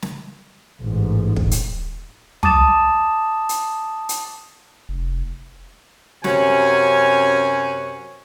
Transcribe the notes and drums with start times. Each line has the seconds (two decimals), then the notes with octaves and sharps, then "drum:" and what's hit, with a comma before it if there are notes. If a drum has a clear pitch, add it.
0.02 drum: snare
0.83 A1 G#2
1.36 drum: kick
1.51 drum: hi-hat
2.43 A5 D6 D#6 A6 E7, drum: tom
3.49 drum: hi-hat
4.09 drum: hi-hat
4.89 F1
6.24 F#2 C3 C#4 F#4 G#5, drum: snare